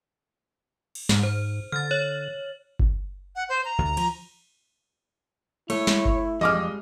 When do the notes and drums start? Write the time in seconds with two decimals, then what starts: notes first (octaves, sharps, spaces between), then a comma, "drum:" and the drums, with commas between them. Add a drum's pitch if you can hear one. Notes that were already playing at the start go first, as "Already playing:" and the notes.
0.95 drum: cymbal
1.09 G#2, drum: snare
1.23 C5
1.72 D3 F6 A6
1.91 C#5 F#7
2.79 drum: kick G1
3.36 F#5
3.49 C5
3.65 A#5
3.78 D2
3.97 F3, drum: cymbal
5.70 A3 E4 C#5, drum: cymbal
5.87 drum: snare
6.05 drum: kick G1
6.41 F2 G3 G#3 D#5 D6 F6